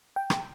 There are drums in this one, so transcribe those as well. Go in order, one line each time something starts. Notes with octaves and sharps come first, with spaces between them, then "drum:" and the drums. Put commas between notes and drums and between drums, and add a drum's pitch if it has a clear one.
G5
drum: rim click